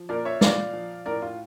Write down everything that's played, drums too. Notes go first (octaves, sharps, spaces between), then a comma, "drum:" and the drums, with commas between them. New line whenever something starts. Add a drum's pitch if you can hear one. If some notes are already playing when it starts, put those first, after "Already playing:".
Already playing: F3
A#2 A#4 D5
C#5 E5
A#2 D5 F5, drum: snare
F3
A2 A#4 D5
F4